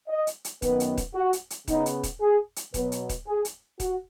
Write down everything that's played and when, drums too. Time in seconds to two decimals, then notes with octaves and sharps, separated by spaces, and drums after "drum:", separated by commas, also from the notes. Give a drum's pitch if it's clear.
0.09 D#5
0.27 drum: hi-hat
0.45 drum: hi-hat
0.62 F#2 D#3 B3 B4, drum: kick D#1, hi-hat
0.80 drum: hi-hat
0.97 drum: kick D#1, hi-hat
1.15 F#4
1.33 drum: hi-hat
1.50 drum: hi-hat
1.68 C#3 B3 D#4, drum: kick D#1, hi-hat
1.86 drum: hi-hat
2.03 drum: kick D#1, hi-hat
2.21 G#4
2.56 drum: hi-hat
2.74 B2 F#3 B3 B4, drum: kick D#1, hi-hat
2.92 drum: hi-hat
3.09 drum: kick D#1, hi-hat
3.27 G#4
3.45 drum: hi-hat
3.80 F#4, drum: kick D#1, hi-hat